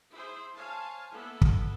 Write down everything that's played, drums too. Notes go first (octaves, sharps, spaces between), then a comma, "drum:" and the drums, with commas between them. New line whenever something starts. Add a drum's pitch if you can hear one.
E4 G#4 C5
C5 C#5 F5 G#5 A5
A#3 B3 E4 A4
drum: kick